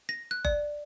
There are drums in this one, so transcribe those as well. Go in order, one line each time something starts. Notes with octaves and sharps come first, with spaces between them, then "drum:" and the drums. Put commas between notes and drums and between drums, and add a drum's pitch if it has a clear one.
A#6
F#6
D5, drum: kick F#1